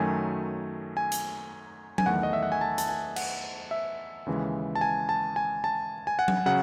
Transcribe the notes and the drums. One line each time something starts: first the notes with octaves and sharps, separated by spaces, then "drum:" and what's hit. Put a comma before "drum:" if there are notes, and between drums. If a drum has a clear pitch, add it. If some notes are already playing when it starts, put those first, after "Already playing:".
Already playing: F#2 D#3 F#3 A3 G#5
G#5
drum: hi-hat
G#5, drum: tom F#3
E2 D#3 A3 F#5
D#5
E5
F#5
G#5
A5
A5, drum: hi-hat
G#5
F#5, drum: cymbal
E5
D#2 C#3 E3 G#3
A5
G#5
A5
G#5
A5
G#5
F#5
drum: tom F#3
C#3 F#3 F#5